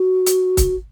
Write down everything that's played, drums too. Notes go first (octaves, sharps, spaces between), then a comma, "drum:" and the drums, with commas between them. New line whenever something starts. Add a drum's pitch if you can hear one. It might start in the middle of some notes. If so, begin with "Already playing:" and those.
Already playing: F#4
drum: hi-hat
drum: kick, hi-hat